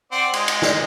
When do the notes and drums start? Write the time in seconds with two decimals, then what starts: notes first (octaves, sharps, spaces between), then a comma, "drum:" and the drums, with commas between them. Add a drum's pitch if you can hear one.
0.12 C4 D5 F#5
0.33 G#3, drum: cymbal
0.48 drum: cymbal
0.62 drum: snare